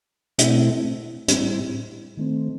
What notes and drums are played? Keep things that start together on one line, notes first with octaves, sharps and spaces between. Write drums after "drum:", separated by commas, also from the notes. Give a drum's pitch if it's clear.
B2 A3 C4 E4, drum: hi-hat
A2 G3 C4 E4, drum: hi-hat
D#3 A3 C4